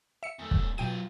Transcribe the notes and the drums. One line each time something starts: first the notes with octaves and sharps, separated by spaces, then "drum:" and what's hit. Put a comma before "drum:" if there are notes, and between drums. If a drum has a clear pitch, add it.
E5 C#7
E2 A3
drum: kick
B2 F#3 F4 G5 D#7